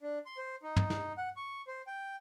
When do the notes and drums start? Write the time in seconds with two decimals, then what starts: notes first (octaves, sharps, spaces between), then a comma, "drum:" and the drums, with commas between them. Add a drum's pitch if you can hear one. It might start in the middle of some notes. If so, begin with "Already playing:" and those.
0.01 D4
0.26 C6
0.37 C5
0.63 D#4
0.76 drum: tom
0.90 drum: snare
1.17 F#5
1.36 C#6
1.67 C5
1.87 G5